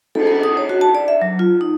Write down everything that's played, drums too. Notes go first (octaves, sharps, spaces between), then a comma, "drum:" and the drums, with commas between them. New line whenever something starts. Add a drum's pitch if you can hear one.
A4, drum: cymbal
A4
D#6
C#5
F#4
A5
D5
E5
F#3
F4
D#4